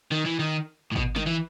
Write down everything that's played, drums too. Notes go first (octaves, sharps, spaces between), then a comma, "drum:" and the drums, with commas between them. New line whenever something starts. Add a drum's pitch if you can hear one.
D#3
E3
D#3
A2
B2, drum: kick G#1
D#3, drum: snare
E3